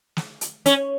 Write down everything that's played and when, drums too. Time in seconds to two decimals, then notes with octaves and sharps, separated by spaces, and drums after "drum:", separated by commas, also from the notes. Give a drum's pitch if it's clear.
0.17 drum: snare
0.41 drum: hi-hat
0.66 C#4, drum: hi-hat